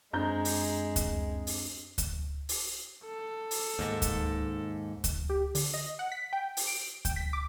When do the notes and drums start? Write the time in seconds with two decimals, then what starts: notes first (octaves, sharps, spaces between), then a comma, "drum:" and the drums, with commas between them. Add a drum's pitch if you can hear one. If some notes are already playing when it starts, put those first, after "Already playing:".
0.13 F#2 G#3 C4 D4 A#5 G6
0.45 drum: open hi-hat
0.96 drum: kick D2, hi-hat
1.47 drum: open hi-hat
1.98 drum: kick D2, hi-hat
2.49 drum: open hi-hat
3.05 A4
3.51 drum: open hi-hat
3.79 D#2 G#2
4.02 drum: kick D2, hi-hat
5.04 drum: kick D2, hi-hat
5.30 G4
5.55 D3, drum: open hi-hat
5.74 D#5
5.99 F#5
6.12 B6
6.33 G5
6.57 drum: open hi-hat
6.67 D7
7.05 G5, drum: kick D2, hi-hat
7.16 B6
7.33 D6